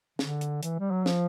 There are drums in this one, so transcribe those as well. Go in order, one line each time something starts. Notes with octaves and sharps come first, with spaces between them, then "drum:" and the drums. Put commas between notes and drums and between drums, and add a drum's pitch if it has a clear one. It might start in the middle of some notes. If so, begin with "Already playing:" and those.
D3, drum: snare
drum: hi-hat
E3, drum: hi-hat
G3
F#3
F3, drum: snare